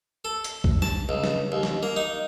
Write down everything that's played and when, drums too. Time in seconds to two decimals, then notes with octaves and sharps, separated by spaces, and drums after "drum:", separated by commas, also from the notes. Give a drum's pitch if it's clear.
0.25 A4
0.44 drum: hi-hat
0.64 drum: kick B1
0.82 A5, drum: snare
1.09 C#2
1.24 drum: snare
1.52 D#2
1.63 drum: snare
1.83 A#3
1.96 D#4